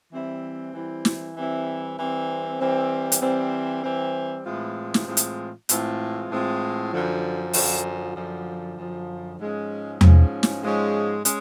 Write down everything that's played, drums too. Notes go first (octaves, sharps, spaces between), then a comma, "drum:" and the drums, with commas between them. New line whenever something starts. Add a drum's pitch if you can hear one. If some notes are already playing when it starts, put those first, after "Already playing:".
E3 G3 C4 E4
E3 G3 C4 E4
drum: snare
E3 G3 C4 E4
E3 G3 C4
E3 G3 C4
drum: hi-hat
E3 G3 C4
E3 G3 C4
A2 E3 G#3 C4 F4
drum: snare
A2 E3 G#3 C4 F4
drum: hi-hat
A2 E3 G#3 C4 F4, drum: hi-hat
A2 E3 G#3 C4 F4
F#2 D3 F3
F#2 D3 F3, drum: open hi-hat
F#2 D3 F3
F#2 D3 F3
G#2 F3 G#3 C#4
G#2 F3 G#3 C#4, drum: tom E2
drum: snare
G#2 F3 G#3 C#4
G#3 C#4, drum: hi-hat